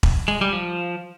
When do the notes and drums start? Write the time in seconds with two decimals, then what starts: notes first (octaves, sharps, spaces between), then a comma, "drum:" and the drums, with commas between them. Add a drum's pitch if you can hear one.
0.03 drum: kick E1
0.28 G#3
0.41 G3
0.53 F3